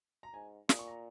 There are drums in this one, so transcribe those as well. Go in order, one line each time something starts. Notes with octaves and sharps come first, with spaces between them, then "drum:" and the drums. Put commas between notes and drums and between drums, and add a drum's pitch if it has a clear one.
A#5
G#2 G#5
A#2 D#6, drum: snare
C#6
A#5